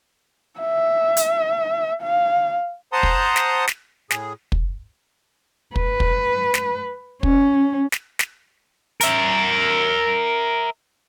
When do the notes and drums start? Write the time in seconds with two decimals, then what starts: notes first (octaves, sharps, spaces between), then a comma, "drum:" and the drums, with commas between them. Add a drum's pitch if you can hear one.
0.60 E5
1.17 drum: hi-hat
2.03 F5
2.93 C5 F#5 A5 A#5 C6 D#6
3.03 drum: kick
3.36 drum: snare
3.67 drum: snare
4.10 A2 G#4, drum: snare
4.52 drum: kick
5.76 B4, drum: kick
6.00 drum: kick
6.54 drum: snare
7.23 C#4, drum: kick
7.92 drum: snare
8.19 drum: snare
9.01 A#4 E5, drum: hi-hat